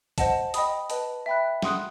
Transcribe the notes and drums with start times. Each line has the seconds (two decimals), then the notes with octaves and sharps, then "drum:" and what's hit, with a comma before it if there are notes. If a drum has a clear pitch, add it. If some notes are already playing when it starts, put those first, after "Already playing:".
0.18 C5 D#5 F#5 A5, drum: kick, hi-hat
0.54 D#5 G5 B5 D#6, drum: hi-hat
0.90 B4 D#5 A5, drum: hi-hat
1.26 E5 G5 B5 F#6
1.62 F#5 C6 D#6 F#6, drum: snare